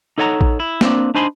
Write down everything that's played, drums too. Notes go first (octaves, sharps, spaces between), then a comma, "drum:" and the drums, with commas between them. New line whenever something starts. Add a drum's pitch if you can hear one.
D#4 A4 C#5 F#5 A5 A#5
drum: kick A1
E4
A#3 C4 D4, drum: snare
D4 D#4 C5 G#5 B5 C6